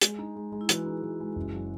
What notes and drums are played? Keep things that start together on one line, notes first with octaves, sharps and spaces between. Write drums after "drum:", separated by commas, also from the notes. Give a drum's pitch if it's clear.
G#3 G#4, drum: hi-hat
D#4
G#3
G#3
E4
E3 F#4, drum: hi-hat
D#4
E3
G#3
F#1
F#3